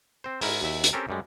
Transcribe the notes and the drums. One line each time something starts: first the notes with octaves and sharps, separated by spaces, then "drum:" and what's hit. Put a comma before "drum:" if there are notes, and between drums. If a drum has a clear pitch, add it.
C4 C5
G#2 E4 A#4 E5, drum: open hi-hat
D#2 E5
drum: hi-hat
C4 C#4 G4 A4 A#4
F#2 G3 G#3